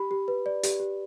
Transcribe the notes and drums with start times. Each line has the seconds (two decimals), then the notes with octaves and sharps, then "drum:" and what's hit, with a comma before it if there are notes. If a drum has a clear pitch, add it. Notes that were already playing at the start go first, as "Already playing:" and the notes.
Already playing: G4 B5
0.11 G4
0.28 B4
0.46 D5
0.63 G4, drum: hi-hat
0.80 G4